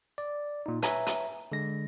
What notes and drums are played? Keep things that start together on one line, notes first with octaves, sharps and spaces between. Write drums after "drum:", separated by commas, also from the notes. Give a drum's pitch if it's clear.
D5
A#2 D#4
B4 C#5 E5 G#5 A#5, drum: hi-hat
drum: hi-hat
D3 G#3 A#6